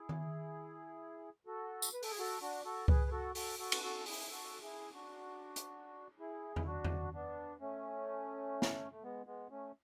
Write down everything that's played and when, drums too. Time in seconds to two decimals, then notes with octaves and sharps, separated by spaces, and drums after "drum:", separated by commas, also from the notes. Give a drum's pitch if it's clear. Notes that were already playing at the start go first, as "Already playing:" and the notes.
Already playing: E4 G#4
0.09 drum: tom D#3
1.47 F#4 A4
1.82 drum: tambourine
1.93 B4
2.03 A4, drum: open hi-hat
2.11 G#4
2.19 F#4 A4
2.41 D4 F#4
2.65 F#4 A4
2.88 G#4 B4, drum: kick C#2
3.11 F#4 A4
3.35 F#4 A4, drum: open hi-hat
3.59 F#4 A4
3.72 B4, drum: cymbal
3.83 F#4 A4
4.06 E4 G#4, drum: open hi-hat
4.30 F#4 A4
4.61 E4 G#4
4.94 D4 F#4
5.56 drum: hi-hat
6.19 E4 G#4
6.56 E4, drum: tom E2
6.67 D4 F#4
6.85 drum: tom E2
7.13 B3 D4
7.61 A3 C#4
8.62 drum: snare
8.91 A3
9.03 G#3 B3
9.26 G#3 B3
9.50 A3 C#4